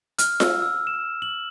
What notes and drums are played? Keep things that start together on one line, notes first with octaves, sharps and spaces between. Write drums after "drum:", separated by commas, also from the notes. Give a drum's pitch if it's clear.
F6, drum: hi-hat
E6, drum: snare F4
E6
E7
F#7